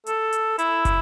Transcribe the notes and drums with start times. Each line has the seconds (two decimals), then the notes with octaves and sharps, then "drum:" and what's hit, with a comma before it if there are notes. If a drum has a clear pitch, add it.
0.06 A4, drum: hi-hat
0.33 drum: hi-hat
0.59 E4, drum: hi-hat
0.85 drum: kick, hi-hat